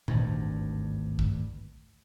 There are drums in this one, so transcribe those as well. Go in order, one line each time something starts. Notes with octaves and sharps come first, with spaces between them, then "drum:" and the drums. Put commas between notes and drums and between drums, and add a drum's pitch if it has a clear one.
G#1 D2 G2, drum: tom A#2
drum: kick